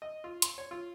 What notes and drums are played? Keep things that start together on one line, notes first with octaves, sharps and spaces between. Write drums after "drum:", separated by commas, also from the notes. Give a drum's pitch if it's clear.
D#5
F4
C6, drum: hi-hat
C#5
F4